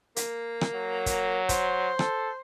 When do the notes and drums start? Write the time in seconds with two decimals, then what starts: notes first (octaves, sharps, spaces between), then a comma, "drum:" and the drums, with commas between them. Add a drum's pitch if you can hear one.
0.16 A#3, drum: hi-hat
0.61 drum: rim click
0.75 F#3
1.06 drum: kick, hi-hat
1.49 C5, drum: kick, hi-hat
1.99 A4, drum: rim click